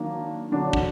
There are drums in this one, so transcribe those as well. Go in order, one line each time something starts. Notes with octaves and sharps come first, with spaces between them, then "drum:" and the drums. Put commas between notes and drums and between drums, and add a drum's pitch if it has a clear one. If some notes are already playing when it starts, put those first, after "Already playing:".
Already playing: D#3 F#3 A#3 D4
D3 F#3 D4
drum: kick